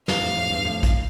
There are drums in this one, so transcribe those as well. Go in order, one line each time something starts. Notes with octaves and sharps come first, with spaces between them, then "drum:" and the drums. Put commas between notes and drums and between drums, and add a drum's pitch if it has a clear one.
F2 F5, drum: snare
F2 A2
F2 A2
E2 G2
F2 A2
drum: kick, hi-hat